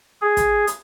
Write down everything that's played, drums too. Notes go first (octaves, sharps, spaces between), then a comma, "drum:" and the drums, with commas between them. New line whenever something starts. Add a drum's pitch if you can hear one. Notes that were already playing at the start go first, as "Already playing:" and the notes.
G#4
drum: kick, hi-hat
drum: hi-hat